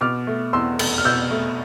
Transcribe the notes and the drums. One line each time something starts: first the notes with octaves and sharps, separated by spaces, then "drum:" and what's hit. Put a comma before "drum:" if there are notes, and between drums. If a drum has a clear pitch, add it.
B2 D6 F6
A3
E2 C6 E6
F1, drum: cymbal
F6
B2 E6 G6
A3